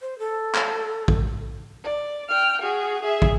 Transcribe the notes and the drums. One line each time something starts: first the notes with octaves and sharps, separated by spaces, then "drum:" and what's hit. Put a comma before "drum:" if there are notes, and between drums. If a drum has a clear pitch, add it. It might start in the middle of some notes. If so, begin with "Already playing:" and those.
C5
A4
drum: clap
drum: kick
D5
G5 F6
F#4 G#4
G#4 E5
drum: kick